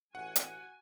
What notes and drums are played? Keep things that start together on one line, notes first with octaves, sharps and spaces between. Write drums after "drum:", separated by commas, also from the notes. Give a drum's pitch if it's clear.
A1 F#4 F#5 G#5
drum: hi-hat